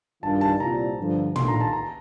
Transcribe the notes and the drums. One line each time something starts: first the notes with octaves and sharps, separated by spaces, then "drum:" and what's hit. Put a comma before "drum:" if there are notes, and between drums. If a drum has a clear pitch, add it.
G2 D#3 G3 D4 F4 A5
A5
C2 A#2 G3 C4 F4 A#5
G2 D3 F3
D#2 D#3 A3 D4 F4 C6, drum: tom
A#5
A5
A#5